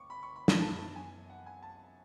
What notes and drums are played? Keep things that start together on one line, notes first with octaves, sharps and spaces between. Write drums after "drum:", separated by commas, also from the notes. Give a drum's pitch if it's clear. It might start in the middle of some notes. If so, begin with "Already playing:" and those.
Already playing: C#6 D6
B5
C#6
B5
A5, drum: snare
F#2 E3 B3 A5
A5
G#5
F#5
G#5
A5